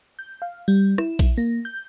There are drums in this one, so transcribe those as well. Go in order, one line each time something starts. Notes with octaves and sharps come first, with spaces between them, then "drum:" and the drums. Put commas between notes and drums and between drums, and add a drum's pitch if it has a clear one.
G6
F5
G3
E4, drum: rim click
drum: kick A#1, open hi-hat
A#3
G6